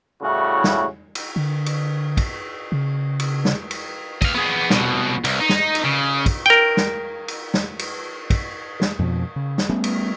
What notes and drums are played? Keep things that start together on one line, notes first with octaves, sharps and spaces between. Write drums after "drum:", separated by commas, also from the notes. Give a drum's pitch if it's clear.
A2 C#3 G3 C#4 E4 F#4
drum: snare
drum: cymbal
D3
drum: cymbal
drum: kick, cymbal
C#3
drum: cymbal
drum: snare
drum: cymbal
D#5 F5, drum: kick, cymbal
B3 G#4
C2 B2, drum: snare
C2, drum: cymbal
D#4
drum: snare
drum: cymbal
C#3
drum: kick, cymbal
A#4 G5
drum: snare
drum: cymbal
drum: snare
drum: cymbal
drum: kick, cymbal
drum: snare
F2 B2 F3
C#3
drum: snare
G3 A3 B3 C#4
drum: cymbal